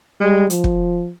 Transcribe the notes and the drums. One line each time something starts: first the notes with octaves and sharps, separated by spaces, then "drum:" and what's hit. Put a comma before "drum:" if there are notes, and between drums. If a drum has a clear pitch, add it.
G3 G#3
F3, drum: hi-hat
drum: kick